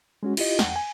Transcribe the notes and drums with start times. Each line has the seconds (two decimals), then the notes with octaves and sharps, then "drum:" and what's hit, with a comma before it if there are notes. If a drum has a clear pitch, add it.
0.23 G#3 C#4 F#4
0.37 E4 F4 G4 D#5, drum: cymbal
0.59 E2 F#5 G5, drum: snare
0.76 G#5